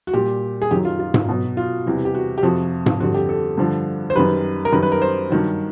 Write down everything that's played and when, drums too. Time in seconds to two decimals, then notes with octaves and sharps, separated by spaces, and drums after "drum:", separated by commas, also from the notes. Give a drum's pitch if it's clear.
0.07 F#4
0.13 A#2 G3 G4
0.62 G#4
0.71 F#2 D#3 F#3 G4
0.85 F4
0.99 F4
1.14 drum: tom G#2
1.28 B2 F#3
1.57 F4
1.86 E2 C3 E3 G3
2.05 G4
2.15 F#4
2.38 G4
2.43 F2 C3 F3 F#4
2.86 drum: tom G#2
3.00 F2 D3 G3 F#4
3.14 G4
3.29 A4
3.58 G2 D3 F3
4.10 C5
4.15 F#2 D#3 G3 B4
4.65 A#4
4.72 F#2 D#3 G3 B4
4.83 B4
4.92 A#4
5.02 C5
5.30 G2 D#3 F#3